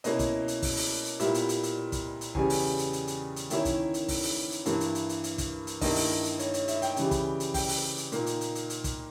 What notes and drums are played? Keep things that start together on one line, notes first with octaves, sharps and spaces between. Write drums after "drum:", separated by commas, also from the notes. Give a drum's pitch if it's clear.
B2 A#3 C#4 E4 D#5, drum: hi-hat
drum: kick, hi-hat
drum: hi-hat
drum: kick, open hi-hat
drum: open hi-hat
drum: hi-hat
A#2 G3 B3 E4 E5, drum: hi-hat
drum: hi-hat
drum: hi-hat
drum: hi-hat
drum: kick, hi-hat
drum: hi-hat
E2 C#3 G3 G#5, drum: kick
drum: open hi-hat
drum: hi-hat
drum: hi-hat
drum: hi-hat
drum: hi-hat
D#3 A#3 C#4 E4 E5, drum: hi-hat
drum: kick, hi-hat
drum: hi-hat
drum: kick, open hi-hat
drum: open hi-hat
drum: hi-hat
G2 E3 A#3 E4, drum: hi-hat
drum: hi-hat
drum: hi-hat
drum: hi-hat
drum: hi-hat
drum: kick, hi-hat
drum: hi-hat
G2 D#3 A#3 E4 D#5, drum: kick, open hi-hat
drum: open hi-hat
drum: hi-hat
C#5, drum: hi-hat
C#5, drum: hi-hat
E5, drum: hi-hat
G5, drum: hi-hat
C#3 E3 G3, drum: hi-hat
drum: kick, hi-hat
drum: hi-hat
G5, drum: kick, open hi-hat
drum: open hi-hat
drum: hi-hat
A#2 A#3 D#4, drum: hi-hat
drum: hi-hat
drum: hi-hat
drum: hi-hat
drum: hi-hat
drum: kick, hi-hat